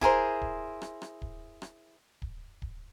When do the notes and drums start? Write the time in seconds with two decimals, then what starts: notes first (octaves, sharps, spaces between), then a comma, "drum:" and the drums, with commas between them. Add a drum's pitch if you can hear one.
0.01 E4 G#4 A#4 C5, drum: kick D1
0.41 drum: kick D1
0.82 drum: rim click
1.02 drum: rim click
1.22 drum: kick D1
1.62 drum: rim click
2.22 drum: kick D1
2.62 drum: kick D1